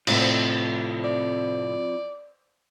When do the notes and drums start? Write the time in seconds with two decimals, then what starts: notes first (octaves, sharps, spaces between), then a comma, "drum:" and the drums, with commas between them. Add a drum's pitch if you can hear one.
0.07 A2 C3 F3 A3 C4 E4, drum: cymbal
1.05 D5